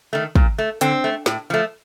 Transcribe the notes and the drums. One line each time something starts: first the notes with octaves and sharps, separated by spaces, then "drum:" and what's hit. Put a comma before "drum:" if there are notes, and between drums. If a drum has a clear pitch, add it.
D#3 A3
A#2, drum: kick
A3
D3 C4, drum: hi-hat
A3
A2, drum: snare
F3 A3